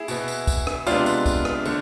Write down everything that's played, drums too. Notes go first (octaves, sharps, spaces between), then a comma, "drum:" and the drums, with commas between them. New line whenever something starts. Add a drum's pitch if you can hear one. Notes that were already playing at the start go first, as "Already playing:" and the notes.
Already playing: E4 G#4
B2 B3, drum: tambourine
drum: tambourine
drum: kick, tambourine
drum: rim click
C3 G#3 B3 D4 F4, drum: tambourine
drum: tambourine
drum: kick, tambourine
drum: rim click
D3 A3, drum: tambourine